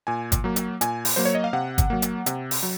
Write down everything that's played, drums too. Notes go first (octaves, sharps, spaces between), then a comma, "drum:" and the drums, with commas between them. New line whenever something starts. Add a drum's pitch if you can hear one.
A#2 G#5
drum: kick G1, hi-hat
F#3 A#3
drum: hi-hat
A#2 G#5, drum: hi-hat
drum: open hi-hat
F#3 A#3 C5
C#5
D#5
F5
C3 F#5
drum: kick G1, hi-hat
F#3 A#3
drum: hi-hat
C3, drum: hi-hat
drum: open hi-hat
F#3